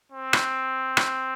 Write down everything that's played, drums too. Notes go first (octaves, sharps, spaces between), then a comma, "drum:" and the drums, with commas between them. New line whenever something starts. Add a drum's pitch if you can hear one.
C4
drum: rim click
drum: rim click